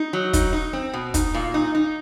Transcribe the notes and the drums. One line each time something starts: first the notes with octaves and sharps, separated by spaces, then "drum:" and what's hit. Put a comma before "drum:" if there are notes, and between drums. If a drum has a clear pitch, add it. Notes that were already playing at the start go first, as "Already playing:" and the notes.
Already playing: D#4
F#3
D#4, drum: kick, hi-hat
D#4
C4
B2
D#4, drum: kick, hi-hat
A#2
D#4
D#4